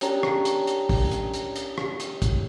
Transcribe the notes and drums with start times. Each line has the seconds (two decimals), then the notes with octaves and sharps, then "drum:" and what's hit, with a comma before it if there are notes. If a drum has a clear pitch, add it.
0.01 C#4 D4 G4 A#5, drum: hi-hat
0.23 drum: rim click
0.45 drum: hi-hat
0.67 drum: hi-hat
0.89 drum: kick, open hi-hat
1.11 drum: hi-hat
1.34 drum: hi-hat
1.56 drum: hi-hat
1.78 drum: rim click
2.00 drum: hi-hat
2.22 drum: kick, hi-hat